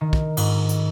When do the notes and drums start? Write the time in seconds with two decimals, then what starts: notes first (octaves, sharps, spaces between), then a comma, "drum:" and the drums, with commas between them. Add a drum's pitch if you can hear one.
0.01 D#3
0.13 drum: kick
0.37 G#2, drum: cymbal
0.69 drum: hi-hat